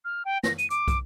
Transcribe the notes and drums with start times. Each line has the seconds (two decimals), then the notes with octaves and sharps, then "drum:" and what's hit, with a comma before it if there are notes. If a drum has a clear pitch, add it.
0.05 F6
0.25 G5
0.43 A#6, drum: snare
0.58 D#7, drum: hi-hat
0.70 D6, drum: hi-hat
0.88 drum: kick, hi-hat